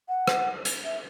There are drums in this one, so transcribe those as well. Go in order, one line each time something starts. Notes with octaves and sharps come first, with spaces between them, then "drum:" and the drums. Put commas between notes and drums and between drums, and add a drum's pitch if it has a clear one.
F#5
drum: rim click
drum: hi-hat
E5